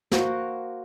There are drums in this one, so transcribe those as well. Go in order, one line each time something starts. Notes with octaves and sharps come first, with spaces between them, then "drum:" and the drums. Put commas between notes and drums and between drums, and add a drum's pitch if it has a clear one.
A#3 F#4 A#4 C5, drum: snare